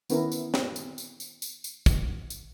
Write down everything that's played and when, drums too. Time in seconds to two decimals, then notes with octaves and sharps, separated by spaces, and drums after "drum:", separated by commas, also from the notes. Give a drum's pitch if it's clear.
0.10 D#3 B3 C#4 E4 A#4, drum: tambourine
0.32 drum: tambourine
0.54 drum: snare
0.76 drum: tambourine
0.98 drum: tambourine
1.20 drum: tambourine
1.42 drum: tambourine
1.64 drum: tambourine
1.86 drum: kick, tambourine
2.30 drum: tambourine